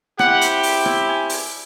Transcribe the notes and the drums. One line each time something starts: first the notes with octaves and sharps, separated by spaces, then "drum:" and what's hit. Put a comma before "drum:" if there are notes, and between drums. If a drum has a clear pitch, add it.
C4 E4 G4 F#5, drum: rim click
drum: hi-hat
drum: open hi-hat
drum: rim click
G#5
drum: open hi-hat